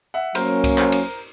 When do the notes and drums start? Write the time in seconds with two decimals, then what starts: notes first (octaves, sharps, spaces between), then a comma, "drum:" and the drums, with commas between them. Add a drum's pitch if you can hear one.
0.14 E5 F#5
0.35 F#3 A#3 C#4 A#4 C5, drum: cymbal
0.64 drum: kick C2, cymbal
0.78 A#4 C5, drum: clap
0.92 drum: cymbal